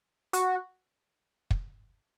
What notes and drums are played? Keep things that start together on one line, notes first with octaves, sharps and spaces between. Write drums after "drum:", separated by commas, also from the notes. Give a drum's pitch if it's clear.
F#4, drum: hi-hat
drum: kick